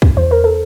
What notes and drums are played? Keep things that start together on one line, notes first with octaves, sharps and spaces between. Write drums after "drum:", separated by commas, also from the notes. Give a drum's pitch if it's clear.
drum: kick
E2 C5
A#4
A4